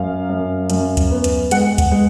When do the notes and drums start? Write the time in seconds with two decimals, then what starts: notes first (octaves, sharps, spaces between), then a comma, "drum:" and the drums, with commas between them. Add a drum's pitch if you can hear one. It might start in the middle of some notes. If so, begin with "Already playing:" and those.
Already playing: F#2 F5
0.29 F#2
0.70 F#2, drum: hi-hat
0.97 drum: kick, hi-hat
1.11 B3
1.24 drum: hi-hat
1.51 G#3 F#5, drum: hi-hat
1.78 drum: kick, hi-hat
1.92 G#3